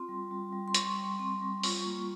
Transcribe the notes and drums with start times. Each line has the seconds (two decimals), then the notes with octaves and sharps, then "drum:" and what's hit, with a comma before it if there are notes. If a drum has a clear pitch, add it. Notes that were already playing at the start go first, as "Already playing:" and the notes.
Already playing: C4 F4 C6
0.09 G3
0.31 G3
0.52 G3
0.68 C6
0.74 G3 C#6, drum: hi-hat
0.97 G3
1.19 C4 C6
1.41 G3
1.63 F4 C#6, drum: open hi-hat
1.86 A#3